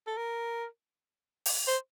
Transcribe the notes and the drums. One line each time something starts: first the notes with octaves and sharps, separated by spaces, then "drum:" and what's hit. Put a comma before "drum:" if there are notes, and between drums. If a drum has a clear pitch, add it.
A4
A#4
drum: open hi-hat
C5